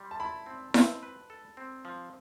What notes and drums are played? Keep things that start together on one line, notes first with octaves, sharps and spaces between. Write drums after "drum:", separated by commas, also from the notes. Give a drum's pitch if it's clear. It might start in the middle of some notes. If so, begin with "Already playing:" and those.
Already playing: G3 C6
A5
E4 B5
C4
C4, drum: snare E4
B4
A4
C4
F3